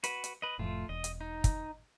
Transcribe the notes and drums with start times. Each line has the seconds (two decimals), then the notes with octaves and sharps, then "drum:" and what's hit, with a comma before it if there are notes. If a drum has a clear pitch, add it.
0.04 F#4 B4, drum: hi-hat
0.24 drum: hi-hat
0.42 B4 D#5
0.59 F1 F2 A2 A3 F4
0.89 E1 D#5
1.04 drum: hi-hat
1.21 D#4
1.44 drum: kick, hi-hat